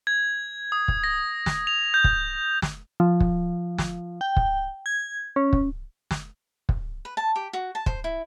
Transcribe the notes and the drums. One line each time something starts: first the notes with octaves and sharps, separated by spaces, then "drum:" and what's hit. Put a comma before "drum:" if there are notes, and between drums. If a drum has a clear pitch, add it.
G#6
D#6
drum: kick
A#6
drum: snare
F7
G6
drum: kick
drum: snare
F3
drum: kick
drum: snare
G5
drum: kick
G#6
C#4
drum: kick
drum: snare
drum: kick
B4
A5
G4
F#4
A5
C5, drum: kick
E4